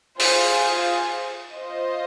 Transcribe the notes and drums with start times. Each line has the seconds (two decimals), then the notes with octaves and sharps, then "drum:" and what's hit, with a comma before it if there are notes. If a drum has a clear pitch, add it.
0.19 F4 G#4 C5, drum: open hi-hat
1.54 F4 C5 D#5